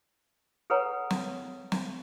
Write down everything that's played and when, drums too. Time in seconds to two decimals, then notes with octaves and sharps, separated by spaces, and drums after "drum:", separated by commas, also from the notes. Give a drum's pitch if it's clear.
0.70 G#4 A4 B4 C#5 F#5 A#5
1.11 drum: snare
1.72 drum: snare